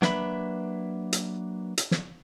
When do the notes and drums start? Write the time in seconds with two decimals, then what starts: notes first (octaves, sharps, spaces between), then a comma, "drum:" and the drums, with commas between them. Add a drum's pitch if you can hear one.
0.02 F#3 A#3 D4 B4 E5 B5, drum: snare
1.13 drum: hi-hat
1.78 drum: hi-hat
1.91 drum: snare